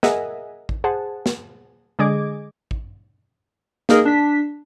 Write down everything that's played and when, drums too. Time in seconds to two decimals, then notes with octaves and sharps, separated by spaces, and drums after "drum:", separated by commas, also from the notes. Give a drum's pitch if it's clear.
0.03 G#4 A#4 D#5 E5 F#5 G#5, drum: snare
0.69 drum: kick A1
0.84 G#4 C5 F#5 A5
1.26 drum: snare
1.99 D3 G#3 G#4 D#5 D6 G#6
2.71 drum: kick A1
3.89 A#3 D#4 G#4 A#4 D#5, drum: snare
4.05 D4 B6